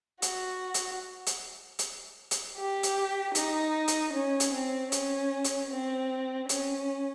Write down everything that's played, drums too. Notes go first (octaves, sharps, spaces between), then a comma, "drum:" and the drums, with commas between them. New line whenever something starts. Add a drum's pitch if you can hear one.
F#4, drum: hi-hat
drum: hi-hat
drum: hi-hat
drum: hi-hat
drum: hi-hat
G4
drum: hi-hat
D#4, drum: hi-hat
drum: hi-hat
C#4
drum: hi-hat
C4
C#4, drum: hi-hat
drum: hi-hat
C4
C#4, drum: hi-hat